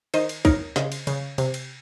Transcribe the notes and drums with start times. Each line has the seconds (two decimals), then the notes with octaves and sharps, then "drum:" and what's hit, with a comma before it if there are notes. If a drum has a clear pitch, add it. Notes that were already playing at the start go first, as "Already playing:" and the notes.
0.14 D#3 C5 D#5, drum: cymbal
0.29 drum: cymbal
0.45 D#4 A#4 C#5, drum: kick, cymbal
0.76 C#3 C5 D#5, drum: snare
0.92 drum: cymbal
1.07 C#3, drum: cymbal
1.38 C3, drum: cymbal
1.54 drum: cymbal